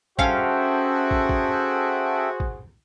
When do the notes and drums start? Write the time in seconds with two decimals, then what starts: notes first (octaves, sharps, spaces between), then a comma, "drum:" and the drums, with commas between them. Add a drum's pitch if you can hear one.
0.19 C#4 F#4 G#4 A4 C5 E5 F5 G5, drum: kick
1.11 drum: kick
1.29 drum: kick
2.40 drum: kick